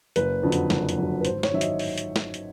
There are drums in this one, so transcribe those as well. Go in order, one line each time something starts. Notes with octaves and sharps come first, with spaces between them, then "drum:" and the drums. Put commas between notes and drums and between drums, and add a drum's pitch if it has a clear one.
F#1 B4, drum: hi-hat
F2 D3 F#3
drum: hi-hat
F#1, drum: snare
drum: hi-hat
F2 D3 F#3
B4
G#1 C5, drum: hi-hat
C#5, drum: snare
D#3 F#3 E5
D#5, drum: hi-hat
drum: open hi-hat
drum: hi-hat
drum: snare
drum: hi-hat